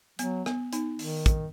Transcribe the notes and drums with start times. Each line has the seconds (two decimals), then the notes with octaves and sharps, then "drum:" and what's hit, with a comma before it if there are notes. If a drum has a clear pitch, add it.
0.19 F#3 B3, drum: hi-hat
0.46 B3, drum: rim click
0.73 B3 D#4, drum: hi-hat
0.99 D#3, drum: open hi-hat
1.26 drum: kick, hi-hat